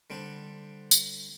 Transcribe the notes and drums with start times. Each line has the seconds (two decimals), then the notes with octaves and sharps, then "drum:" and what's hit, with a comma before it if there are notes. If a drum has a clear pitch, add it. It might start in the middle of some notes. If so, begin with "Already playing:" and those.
0.10 D3 G3 C4 D4
0.91 drum: tambourine